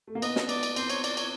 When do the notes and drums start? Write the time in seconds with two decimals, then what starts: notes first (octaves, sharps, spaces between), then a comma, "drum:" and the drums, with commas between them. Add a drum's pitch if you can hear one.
0.07 A3
0.15 A#3
0.22 B3 D#5, drum: cymbal
0.36 drum: snare
0.49 D5, drum: cymbal
0.63 drum: cymbal
0.76 C4 C5, drum: cymbal
0.90 C#5, drum: cymbal
1.04 D5, drum: cymbal
1.17 C#5, drum: cymbal